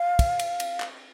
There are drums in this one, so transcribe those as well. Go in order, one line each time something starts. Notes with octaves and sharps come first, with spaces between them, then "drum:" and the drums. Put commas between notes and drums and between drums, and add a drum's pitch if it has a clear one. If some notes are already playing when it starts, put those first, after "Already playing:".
Already playing: F5
drum: kick, cymbal
drum: cymbal
drum: cymbal
drum: clap